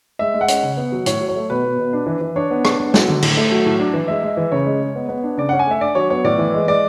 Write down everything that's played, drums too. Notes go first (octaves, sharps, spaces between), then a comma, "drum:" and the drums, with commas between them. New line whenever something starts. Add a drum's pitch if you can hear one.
G#3 E5
G#3
F#5
C#4, drum: hi-hat
C#3
B3
F#3
A2 C#5, drum: hi-hat
F#3
C#5
A3
B2 B4
B2
B2
D4
E3
E3
D4 C#5
B3
D4, drum: rim click
B3
F#3, drum: snare
D3
A2, drum: cymbal
A3
F#3
A2
D4
E3
G#3 E5
G#3
E3
C#3 C#5
G#3
G#3
B3
B3
D4
C#3 D5
C#4 F#5
G#5
A3 E5
D4 D5
F#3 C#5
B3 C#5
A2 D5
E3
G#3
G#3 D5